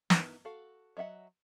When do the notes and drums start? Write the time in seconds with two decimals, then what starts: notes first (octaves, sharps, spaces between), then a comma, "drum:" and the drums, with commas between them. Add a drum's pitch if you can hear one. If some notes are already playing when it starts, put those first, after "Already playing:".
0.10 B3 D#4 E4, drum: snare
0.45 F#4 A4 F5
0.97 F#3 D#5 E5 F#5